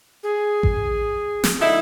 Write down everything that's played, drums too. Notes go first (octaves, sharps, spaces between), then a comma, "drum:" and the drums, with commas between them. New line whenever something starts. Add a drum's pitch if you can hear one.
G#4
drum: kick A1
drum: snare
D3 D#4 E4